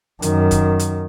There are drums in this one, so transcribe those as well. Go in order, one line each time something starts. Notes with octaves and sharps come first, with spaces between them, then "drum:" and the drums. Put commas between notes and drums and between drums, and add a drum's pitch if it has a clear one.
F#2 D#3, drum: hi-hat
drum: kick F#1, hi-hat
drum: hi-hat